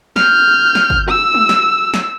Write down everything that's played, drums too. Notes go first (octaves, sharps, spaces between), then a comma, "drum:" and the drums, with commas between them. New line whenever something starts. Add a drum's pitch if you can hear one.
F6 G6, drum: snare
drum: snare
drum: kick G1
E6
drum: tom G#3
drum: snare
drum: snare